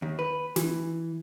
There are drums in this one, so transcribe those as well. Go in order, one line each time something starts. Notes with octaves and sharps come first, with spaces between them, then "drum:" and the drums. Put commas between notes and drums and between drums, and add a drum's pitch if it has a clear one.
D#2
B4
E3, drum: snare